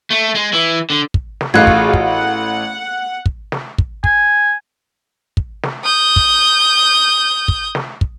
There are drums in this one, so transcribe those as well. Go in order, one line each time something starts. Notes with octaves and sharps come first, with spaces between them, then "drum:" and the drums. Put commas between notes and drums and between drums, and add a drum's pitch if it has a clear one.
A3
G#3
E3
D3
drum: kick
drum: snare
A1 F4 F#4 G#4 F5 F#6 G#6
drum: kick
drum: kick
F#5
drum: kick
drum: snare
drum: kick
G#5, drum: kick
drum: kick
drum: snare
D#6 G6
drum: kick
drum: kick
drum: snare
drum: kick